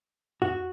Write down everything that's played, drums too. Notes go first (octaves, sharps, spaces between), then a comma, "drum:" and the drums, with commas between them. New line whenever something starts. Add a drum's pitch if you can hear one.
F#4, drum: tom E2